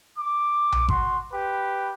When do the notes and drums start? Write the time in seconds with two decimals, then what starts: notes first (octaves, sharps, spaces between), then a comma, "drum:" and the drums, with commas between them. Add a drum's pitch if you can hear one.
0.18 D6
0.72 drum: tom B1
0.88 F#4 C6, drum: kick G#1
1.33 G4 B4